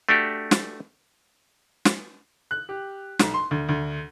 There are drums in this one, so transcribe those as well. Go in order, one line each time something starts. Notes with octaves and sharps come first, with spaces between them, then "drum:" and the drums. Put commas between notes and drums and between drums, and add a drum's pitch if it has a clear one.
A3 D4 F#4 G4
drum: snare
drum: snare
F#6
G4
B1, drum: snare
C6
D2
D2